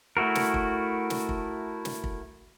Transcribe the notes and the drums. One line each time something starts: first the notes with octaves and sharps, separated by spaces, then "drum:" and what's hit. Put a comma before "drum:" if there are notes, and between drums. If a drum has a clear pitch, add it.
A3 E4 F#4 A#4
drum: snare
drum: kick
drum: snare
drum: kick
drum: snare
drum: kick